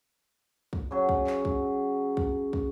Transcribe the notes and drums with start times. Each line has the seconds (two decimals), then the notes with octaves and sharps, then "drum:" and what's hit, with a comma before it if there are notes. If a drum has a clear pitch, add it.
0.73 drum: kick
0.91 C#3 F#3
1.09 drum: kick
1.27 drum: clap
1.45 drum: kick
2.17 drum: kick
2.53 drum: kick